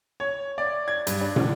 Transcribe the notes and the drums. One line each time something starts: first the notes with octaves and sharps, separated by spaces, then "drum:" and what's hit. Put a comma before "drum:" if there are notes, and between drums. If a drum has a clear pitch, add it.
C#5
D5
G#6
G2, drum: hi-hat
D4
drum: tom